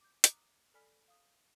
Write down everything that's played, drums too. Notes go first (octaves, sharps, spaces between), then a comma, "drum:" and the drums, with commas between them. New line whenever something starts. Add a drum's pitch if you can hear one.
D6 G6
A#5 D6 D#6 F6 F#6, drum: hi-hat
A4 D5 G#5 B5 F6 B6
F5 D#6